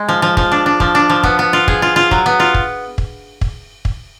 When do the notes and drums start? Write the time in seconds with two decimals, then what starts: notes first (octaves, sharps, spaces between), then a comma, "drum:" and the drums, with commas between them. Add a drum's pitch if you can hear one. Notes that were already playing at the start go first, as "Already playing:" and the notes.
Already playing: G#3
0.09 F3
0.22 F3
0.37 F3, drum: kick
0.52 D4
0.66 D4
0.80 F3, drum: kick
0.95 D4
1.09 F3
1.23 B3, drum: kick
1.39 B3
1.53 F4
1.68 G#4, drum: kick
1.82 F4
1.96 F4
2.11 F#3, drum: kick
2.26 B3
2.40 F4
2.54 drum: kick
2.98 drum: kick
3.41 drum: kick
3.85 drum: kick